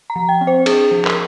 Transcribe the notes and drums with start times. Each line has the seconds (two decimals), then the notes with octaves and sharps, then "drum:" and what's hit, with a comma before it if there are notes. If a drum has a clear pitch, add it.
0.10 A#5
0.16 F3
0.29 G5
0.41 C4
0.47 C5
0.66 D4 G#4, drum: cymbal
0.91 F3
1.05 A#4, drum: clap